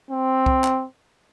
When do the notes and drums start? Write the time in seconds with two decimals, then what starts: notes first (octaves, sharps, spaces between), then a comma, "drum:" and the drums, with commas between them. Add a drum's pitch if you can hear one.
0.10 C4
0.46 drum: kick C2
0.64 drum: clap